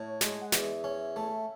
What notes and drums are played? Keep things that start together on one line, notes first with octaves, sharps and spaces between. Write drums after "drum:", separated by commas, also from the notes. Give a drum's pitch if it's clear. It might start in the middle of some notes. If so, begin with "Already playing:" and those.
Already playing: A2 C#5
G#3, drum: snare
F#5
E2 E5, drum: snare
C#4
A3